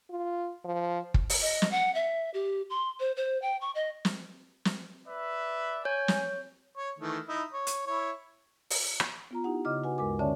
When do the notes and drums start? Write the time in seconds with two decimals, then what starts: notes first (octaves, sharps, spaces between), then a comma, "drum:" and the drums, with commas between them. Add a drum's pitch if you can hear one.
0.10 F4
0.65 F3
1.14 drum: kick
1.30 drum: open hi-hat
1.42 D#5
1.62 drum: snare
1.71 F#5
1.95 E5
2.34 G4
2.70 C6
3.00 C5
3.17 C5
3.42 G5
3.61 C#6
3.75 D#5
4.05 drum: snare
4.65 drum: snare
5.08 B4 D5 E5
5.85 C#5 G#5 G6
6.08 drum: snare
6.77 C#5
6.99 D#3 E3 A3
7.28 D#4 E4
7.52 C#5
7.67 drum: hi-hat
7.87 E4 C#5
8.70 drum: open hi-hat
9.00 drum: rim click
9.31 B3 F4 A#5
9.44 D#4 E4 G4 F#5
9.65 C#3 D#5 D6 F6
9.84 F#4 B4 F#5 G#5
9.98 D2 G2 G#3 A#4 G#5 D6
10.19 D3 C#4 C#5 D5 E5 A5